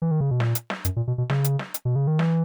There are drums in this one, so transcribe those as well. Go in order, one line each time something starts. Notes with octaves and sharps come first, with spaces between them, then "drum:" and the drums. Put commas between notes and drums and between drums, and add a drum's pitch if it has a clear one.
E3
D#3
C#3
B2
A#2, drum: snare
drum: hi-hat
drum: snare
F#2, drum: hi-hat
A#2
B2
B2
C#3, drum: snare
drum: hi-hat
drum: snare
drum: hi-hat
B2
C#3
D#3
E3, drum: snare